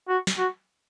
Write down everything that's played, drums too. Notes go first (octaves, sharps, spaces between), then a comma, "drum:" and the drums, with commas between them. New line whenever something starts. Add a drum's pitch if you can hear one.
F#4
drum: snare
F#4